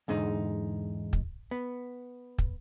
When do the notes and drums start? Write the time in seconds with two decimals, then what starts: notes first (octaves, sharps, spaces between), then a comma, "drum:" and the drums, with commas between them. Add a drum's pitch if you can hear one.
0.08 E2 G#2 D3 D#4
1.13 drum: kick
1.51 B3
2.38 drum: kick